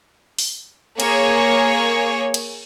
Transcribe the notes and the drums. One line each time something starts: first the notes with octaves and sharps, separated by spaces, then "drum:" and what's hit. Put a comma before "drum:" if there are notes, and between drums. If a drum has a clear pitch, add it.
drum: open hi-hat
A#3 G#4 C#5, drum: cymbal
drum: cymbal